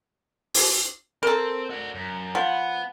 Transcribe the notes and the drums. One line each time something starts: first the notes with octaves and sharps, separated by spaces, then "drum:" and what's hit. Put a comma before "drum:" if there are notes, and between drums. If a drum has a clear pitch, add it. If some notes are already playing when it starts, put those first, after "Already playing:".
drum: open hi-hat
C4 A4 A#4
F#4 D5
F#2
F3 B3 F#5